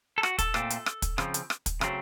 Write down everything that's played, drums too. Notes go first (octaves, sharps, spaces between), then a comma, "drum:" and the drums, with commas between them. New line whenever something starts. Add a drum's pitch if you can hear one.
A4
F#4, drum: rim click
A4, drum: kick, hi-hat
A#2 A3 C4, drum: rim click
drum: hi-hat
drum: rim click
drum: kick, hi-hat
C#3 F3 C4, drum: rim click
drum: hi-hat
drum: rim click
drum: kick, hi-hat
C#3 F#3 A3 C4, drum: rim click